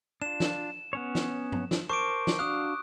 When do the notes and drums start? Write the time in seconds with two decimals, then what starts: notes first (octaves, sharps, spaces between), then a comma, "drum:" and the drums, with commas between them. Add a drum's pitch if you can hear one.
0.22 D4 F4 E7
0.40 drum: snare
0.93 B3 C#4 C#5
1.15 drum: snare
1.52 drum: tom G2
1.71 drum: snare
1.89 A#4 C5 A5 C#6 D6 D7
2.27 drum: snare
2.39 D4 F#4 F5 D#6 F#6